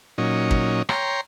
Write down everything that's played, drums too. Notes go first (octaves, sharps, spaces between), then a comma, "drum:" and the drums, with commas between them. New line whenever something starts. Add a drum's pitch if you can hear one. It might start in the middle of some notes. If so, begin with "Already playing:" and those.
A#2 F#3 C#4 D#4
drum: kick
C#5 G5 A#5 C6, drum: rim click